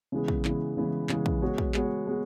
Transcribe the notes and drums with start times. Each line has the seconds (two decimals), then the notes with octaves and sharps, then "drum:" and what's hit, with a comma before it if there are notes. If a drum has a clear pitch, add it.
0.12 C#3 E3 G#3 B3
0.28 drum: kick
0.45 C#3 E3 G#3 B3, drum: clap
0.77 C#3 E3 G#3 B3
1.09 C#3 E3 G#3 B3, drum: clap
1.26 drum: kick
1.42 G#3 B3 F#4 C#5
1.58 drum: kick
1.74 G#3 B3 F#4 C#5, drum: clap
2.07 G#3 B3 F#4